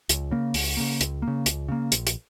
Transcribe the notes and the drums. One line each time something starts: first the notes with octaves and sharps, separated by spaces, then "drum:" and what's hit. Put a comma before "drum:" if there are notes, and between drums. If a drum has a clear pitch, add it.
C#2, drum: hi-hat
C#3 A#3
C#2, drum: open hi-hat
C#3 A#3
C#2, drum: hi-hat
A#3
C#3
C#2, drum: hi-hat
C#3 A#3
A#1, drum: hi-hat
drum: hi-hat